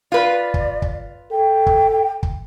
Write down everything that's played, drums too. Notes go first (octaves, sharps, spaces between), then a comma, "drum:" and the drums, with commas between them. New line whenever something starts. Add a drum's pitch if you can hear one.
F4 B4 D5
drum: kick
drum: kick
A4 G5
drum: kick
drum: kick